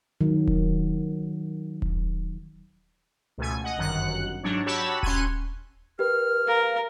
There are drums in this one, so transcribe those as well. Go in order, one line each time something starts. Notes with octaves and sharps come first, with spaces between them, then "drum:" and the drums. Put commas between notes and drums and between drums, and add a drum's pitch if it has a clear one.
D#3 F#3
drum: kick D#1
drum: kick D#1
C#2 B2 A3 G#5
D#5 F#5
G1 F#2 D#3 F#5 F#6
G#2 F#3 D4 C#5
F#4 G4 C#5 A5 B5 E6
C#4 C6 F#6 G#6 D#7, drum: kick D#1
G4 A#4 B4 F6
A#4 F5